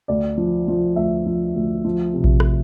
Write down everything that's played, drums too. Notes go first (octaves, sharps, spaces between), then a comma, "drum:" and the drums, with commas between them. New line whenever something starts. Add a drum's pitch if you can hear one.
D2 D5
F3
F3
D2 E5
F3
D2
F3
C3
drum: kick A#1
drum: rim click